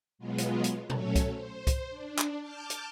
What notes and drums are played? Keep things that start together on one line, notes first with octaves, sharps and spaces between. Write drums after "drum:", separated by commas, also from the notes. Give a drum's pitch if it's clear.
B2 F#3 G#3 B3 F4
drum: hi-hat
drum: hi-hat
F#3 A3 C#4 A4 C#5, drum: tom A#2
drum: kick C2, hi-hat
C5
drum: kick C2, hi-hat
D4
drum: clap
A5 D6 F6 G6
drum: hi-hat